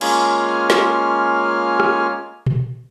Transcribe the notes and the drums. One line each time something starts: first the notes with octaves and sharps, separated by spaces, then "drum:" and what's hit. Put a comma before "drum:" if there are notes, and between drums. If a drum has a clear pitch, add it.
G#3 A#3 C#4 F4 G#5 F6, drum: cymbal
drum: snare
drum: rim click
drum: tom A#2